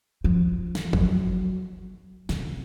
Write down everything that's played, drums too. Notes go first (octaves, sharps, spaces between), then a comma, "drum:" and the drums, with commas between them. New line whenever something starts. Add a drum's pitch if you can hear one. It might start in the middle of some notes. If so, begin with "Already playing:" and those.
F3
drum: snare
F#3, drum: kick
C3, drum: snare